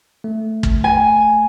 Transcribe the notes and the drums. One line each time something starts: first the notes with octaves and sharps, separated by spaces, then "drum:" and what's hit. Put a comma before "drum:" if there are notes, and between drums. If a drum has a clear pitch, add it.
A3
drum: kick
G#5